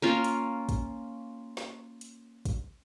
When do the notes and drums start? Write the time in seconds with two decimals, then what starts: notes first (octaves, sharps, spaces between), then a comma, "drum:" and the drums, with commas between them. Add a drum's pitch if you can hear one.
0.02 A#3 C#4 F4
0.24 drum: hi-hat
0.69 drum: kick, hi-hat
1.57 drum: snare
2.01 drum: hi-hat
2.45 drum: kick, hi-hat